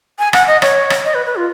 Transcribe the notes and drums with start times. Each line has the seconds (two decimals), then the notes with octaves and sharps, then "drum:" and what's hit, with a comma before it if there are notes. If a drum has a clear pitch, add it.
0.19 G#5
0.33 F#5, drum: rim click
0.47 D#5
0.62 C#5, drum: rim click
0.90 drum: rim click
1.05 D#5
1.15 B4
1.26 B4
1.36 F4